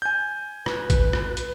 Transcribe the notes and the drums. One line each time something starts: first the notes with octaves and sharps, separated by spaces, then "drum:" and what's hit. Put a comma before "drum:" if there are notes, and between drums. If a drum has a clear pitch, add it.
G#5 G6
B4, drum: rim click
drum: kick, hi-hat
drum: rim click
drum: hi-hat